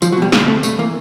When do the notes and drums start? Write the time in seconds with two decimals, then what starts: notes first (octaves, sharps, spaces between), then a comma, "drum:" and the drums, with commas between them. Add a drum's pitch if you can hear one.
0.02 C2 F3, drum: tambourine
0.12 F#3
0.18 B2 G3
0.32 D2 G#3, drum: snare
0.47 C3 A3
0.63 G2 A3, drum: tambourine
0.78 E3 A#3